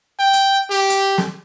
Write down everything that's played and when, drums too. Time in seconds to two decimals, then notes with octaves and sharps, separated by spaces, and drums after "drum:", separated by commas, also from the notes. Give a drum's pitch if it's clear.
0.19 G5
0.33 drum: hi-hat
0.70 G4
0.90 drum: hi-hat
1.18 drum: snare